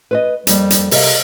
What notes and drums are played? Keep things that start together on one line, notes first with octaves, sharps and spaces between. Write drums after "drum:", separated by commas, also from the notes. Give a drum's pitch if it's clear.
B4 C5 D#5
F2 G3 A#3, drum: hi-hat
drum: hi-hat
C3 A#4 D#5 F5, drum: open hi-hat